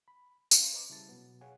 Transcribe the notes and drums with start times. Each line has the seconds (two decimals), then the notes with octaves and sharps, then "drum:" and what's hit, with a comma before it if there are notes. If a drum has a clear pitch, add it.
0.08 B5
0.51 C#4 C5 F5 G#6, drum: tambourine
0.73 B4 C5 D#5 A#5 C6 D6
0.90 C#3 G3 E4 A5 A6
1.09 B2 F#3 B3
1.41 G#4 C#5 F5 F#5 G#5